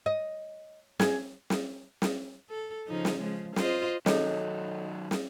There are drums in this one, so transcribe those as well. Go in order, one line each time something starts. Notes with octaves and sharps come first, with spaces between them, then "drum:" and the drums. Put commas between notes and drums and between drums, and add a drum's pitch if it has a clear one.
D#5
G#4, drum: snare
drum: snare
drum: snare
A4
C#3 F3 D#4
drum: snare
C#3 F3 G#3
F4 C5 D#5, drum: snare
D#3 F#3 D#4 A4 C#5, drum: snare
drum: snare